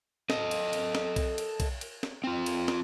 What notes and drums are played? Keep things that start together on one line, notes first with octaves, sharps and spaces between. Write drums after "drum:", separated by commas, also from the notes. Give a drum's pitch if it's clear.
A4 D#5, drum: snare
drum: cymbal
drum: cymbal
drum: snare
drum: kick B1, cymbal
drum: cymbal
drum: kick B1, cymbal
drum: cymbal
drum: snare
C4 F4
drum: cymbal
drum: snare